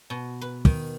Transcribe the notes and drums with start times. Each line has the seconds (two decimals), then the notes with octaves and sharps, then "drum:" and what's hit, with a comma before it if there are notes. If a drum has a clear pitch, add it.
0.10 B2
0.41 B4
0.65 D#3, drum: kick